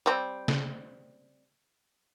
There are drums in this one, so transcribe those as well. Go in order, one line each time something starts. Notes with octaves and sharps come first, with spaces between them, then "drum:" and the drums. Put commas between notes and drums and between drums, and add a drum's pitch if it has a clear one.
G3 C4
drum: snare